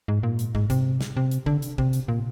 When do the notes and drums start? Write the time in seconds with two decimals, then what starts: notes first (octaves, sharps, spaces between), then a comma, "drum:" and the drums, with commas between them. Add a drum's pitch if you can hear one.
0.08 G#2
0.23 A#2
0.39 drum: hi-hat
0.55 G#2, drum: kick
0.70 C3, drum: kick, hi-hat
1.01 drum: snare
1.17 C3
1.31 drum: hi-hat
1.46 D3, drum: kick
1.62 drum: hi-hat
1.78 C3, drum: kick
1.93 drum: hi-hat
2.08 A#2